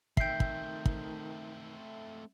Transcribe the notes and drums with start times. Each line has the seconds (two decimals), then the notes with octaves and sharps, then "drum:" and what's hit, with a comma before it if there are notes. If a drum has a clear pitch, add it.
0.17 D#3 A3 C4 E5 G5 G6 C7, drum: kick
0.40 drum: kick
0.85 drum: kick